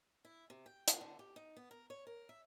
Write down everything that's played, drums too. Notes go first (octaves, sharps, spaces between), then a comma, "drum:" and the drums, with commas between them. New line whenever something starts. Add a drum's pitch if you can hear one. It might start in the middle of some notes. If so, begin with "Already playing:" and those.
E4
C3
G5
B3, drum: hi-hat
D3
G4
D#4
B3
A#4
C#5
A#4
E5